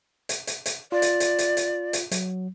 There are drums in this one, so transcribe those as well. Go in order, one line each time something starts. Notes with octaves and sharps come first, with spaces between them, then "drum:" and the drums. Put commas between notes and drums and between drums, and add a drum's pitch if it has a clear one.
drum: hi-hat
drum: hi-hat
drum: hi-hat
F4 D5
drum: hi-hat
drum: hi-hat
drum: hi-hat
drum: hi-hat
drum: hi-hat
F#3, drum: hi-hat